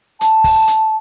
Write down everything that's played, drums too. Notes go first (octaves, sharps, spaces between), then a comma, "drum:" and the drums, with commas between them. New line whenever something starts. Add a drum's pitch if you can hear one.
A5, drum: hi-hat
drum: kick, open hi-hat
drum: hi-hat